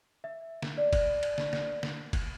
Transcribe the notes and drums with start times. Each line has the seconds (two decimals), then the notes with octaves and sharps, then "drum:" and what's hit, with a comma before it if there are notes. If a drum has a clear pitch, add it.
0.24 E5
0.62 drum: snare
0.78 D5
0.93 drum: kick, cymbal
1.23 drum: cymbal
1.38 drum: snare
1.53 drum: snare
1.83 drum: snare
2.13 drum: kick, cymbal